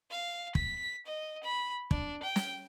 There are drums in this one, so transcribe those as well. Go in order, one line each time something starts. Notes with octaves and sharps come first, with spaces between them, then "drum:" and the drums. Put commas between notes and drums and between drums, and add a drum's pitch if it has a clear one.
F5
B6, drum: kick
D#5
B5
D4, drum: kick
G5
drum: snare